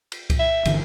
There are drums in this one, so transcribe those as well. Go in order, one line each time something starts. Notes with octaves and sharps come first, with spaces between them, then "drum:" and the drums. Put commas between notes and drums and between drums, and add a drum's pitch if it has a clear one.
drum: cymbal
drum: kick C2, cymbal
E5
G1 D3 E3, drum: cymbal